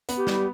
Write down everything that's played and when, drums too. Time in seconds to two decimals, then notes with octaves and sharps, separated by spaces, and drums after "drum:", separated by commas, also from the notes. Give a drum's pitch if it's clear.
0.09 B3, drum: hi-hat
0.17 G4
0.27 G3, drum: snare